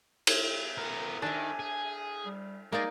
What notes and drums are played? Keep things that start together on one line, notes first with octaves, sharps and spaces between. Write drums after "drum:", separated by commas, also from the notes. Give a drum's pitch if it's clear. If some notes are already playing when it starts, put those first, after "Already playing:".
drum: cymbal
B3 A#4
D#3 D4 E5 G#5
G#4
G3
G#3 A#3 D#4 D5 D#5